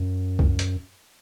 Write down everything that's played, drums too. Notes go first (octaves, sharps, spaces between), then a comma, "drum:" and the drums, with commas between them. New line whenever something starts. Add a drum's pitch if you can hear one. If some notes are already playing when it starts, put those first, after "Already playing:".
Already playing: F#2
drum: kick
drum: hi-hat